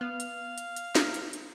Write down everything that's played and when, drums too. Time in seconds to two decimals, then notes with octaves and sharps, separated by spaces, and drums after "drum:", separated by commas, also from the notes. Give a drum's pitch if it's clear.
0.01 B3 F5
0.20 drum: hi-hat
0.58 drum: hi-hat
0.76 drum: hi-hat
0.95 drum: snare
1.14 drum: hi-hat
1.33 drum: hi-hat